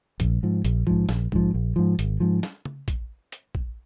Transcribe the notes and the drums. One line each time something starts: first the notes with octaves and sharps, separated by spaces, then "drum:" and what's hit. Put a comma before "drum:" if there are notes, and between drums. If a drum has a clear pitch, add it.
A#1, drum: kick A#1, hi-hat
G#2 F3
A#1, drum: hi-hat
G#2 F3, drum: kick A#1
A#1, drum: snare
G#2 F3, drum: kick A#1
A#1
G#2 F3
G#1, drum: hi-hat
G#2 F3
drum: snare
drum: tom C#3
drum: kick A#1, hi-hat
drum: hi-hat
drum: kick A#1